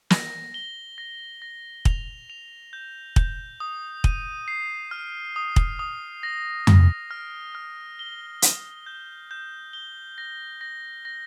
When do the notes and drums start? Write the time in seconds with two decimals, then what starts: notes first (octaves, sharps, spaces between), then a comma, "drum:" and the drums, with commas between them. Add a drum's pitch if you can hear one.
0.10 A#6, drum: snare
0.54 G7
0.98 A#6
1.42 A#6
1.85 F7, drum: kick
2.30 F7
2.73 G6
3.16 G6, drum: kick
3.60 D#6
4.04 D#7, drum: kick
4.48 C7
4.91 F6
5.36 D#6
5.56 drum: kick
5.79 D#6
6.23 A#6
6.67 A#6, drum: tom F2
7.11 F6
7.55 F6
7.99 G7
8.42 G7, drum: hi-hat
8.86 G6
9.31 G6
9.73 G7
10.18 A#6
10.61 A#6
11.05 A#6